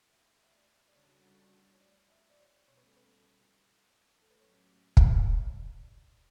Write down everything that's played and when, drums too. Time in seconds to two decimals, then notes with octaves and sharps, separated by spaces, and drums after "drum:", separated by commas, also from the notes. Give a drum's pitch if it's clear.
0.10 E5
0.43 E5
0.52 D5
0.88 D5
0.95 C#3 G3 D4 F#4 A4 C#5
1.38 D5
1.72 C#5
1.81 D5
2.10 E5
2.30 D5
2.39 C#5
2.68 B2 G3 C#4 C#5
2.77 B4
2.87 A4
2.97 B4
4.22 A4
4.30 B4
4.39 A2 F#3 C#4 G4 C#5
4.97 drum: kick
5.26 E5
5.35 D5
5.43 C#5
5.53 D5